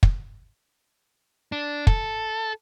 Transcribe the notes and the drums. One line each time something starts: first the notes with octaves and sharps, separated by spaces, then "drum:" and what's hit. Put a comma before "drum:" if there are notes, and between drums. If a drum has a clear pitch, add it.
drum: kick
D4
A4, drum: kick